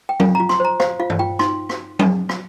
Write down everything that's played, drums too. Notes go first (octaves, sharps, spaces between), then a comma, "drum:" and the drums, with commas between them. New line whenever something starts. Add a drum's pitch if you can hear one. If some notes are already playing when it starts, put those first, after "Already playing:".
G5
F4 F5, drum: tom F#3
A#5
F4
C6, drum: rim click
C5 A#5
C5 F5, drum: rim click
F4 F5
drum: tom G2
F4 G5
D#4 C6, drum: rim click
drum: rim click
drum: tom F#3
drum: rim click